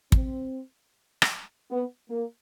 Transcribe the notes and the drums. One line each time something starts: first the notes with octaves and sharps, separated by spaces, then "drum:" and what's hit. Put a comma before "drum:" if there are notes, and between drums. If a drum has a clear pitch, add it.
C4, drum: kick
drum: rim click
B3
A#3